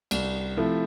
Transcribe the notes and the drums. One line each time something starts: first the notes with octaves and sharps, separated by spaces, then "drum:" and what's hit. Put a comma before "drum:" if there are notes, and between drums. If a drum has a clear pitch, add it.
C2, drum: cymbal
C3 F3 A3 E4